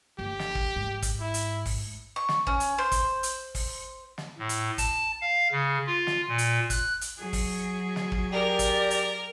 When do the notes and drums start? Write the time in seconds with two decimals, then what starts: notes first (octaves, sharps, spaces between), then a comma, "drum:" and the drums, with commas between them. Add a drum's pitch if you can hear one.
0.19 G1 G4
0.39 drum: snare
0.55 drum: kick
0.76 G#2
1.02 drum: kick, hi-hat
1.20 E4
1.34 drum: hi-hat
1.65 drum: kick, open hi-hat
2.16 C#6
2.29 drum: snare
2.47 C#4, drum: kick
2.60 drum: hi-hat
2.78 C5
2.92 drum: kick, hi-hat
3.23 drum: hi-hat
3.55 drum: kick, open hi-hat
4.18 drum: snare
4.38 A2
4.49 drum: hi-hat
4.78 A5, drum: kick, hi-hat
5.21 F5
5.52 C#3
5.87 F4
6.07 drum: snare
6.28 A#2
6.38 drum: hi-hat
6.70 F#6, drum: kick, hi-hat
7.01 drum: hi-hat
7.19 F#3 G#4
7.33 drum: kick, open hi-hat
7.96 drum: snare
8.12 drum: kick
8.33 G4 A#4 D5
8.59 drum: kick, hi-hat
8.91 drum: hi-hat